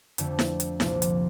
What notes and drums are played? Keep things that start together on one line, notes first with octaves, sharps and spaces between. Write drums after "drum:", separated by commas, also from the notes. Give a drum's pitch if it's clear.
F2 D3 A3, drum: hi-hat
drum: snare E4
drum: hi-hat
C2 A#2 F3 A#3, drum: snare E4
drum: hi-hat